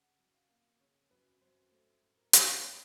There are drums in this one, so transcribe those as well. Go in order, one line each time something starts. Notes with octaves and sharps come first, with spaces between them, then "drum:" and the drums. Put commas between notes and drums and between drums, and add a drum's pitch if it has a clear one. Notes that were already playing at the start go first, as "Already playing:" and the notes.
Already playing: C#3 F#5
F#2
F5
A#3
C#3 C#5
F#2 B4
F#2 C5
A3 C5
A2
A#4
A2, drum: hi-hat
A3 C5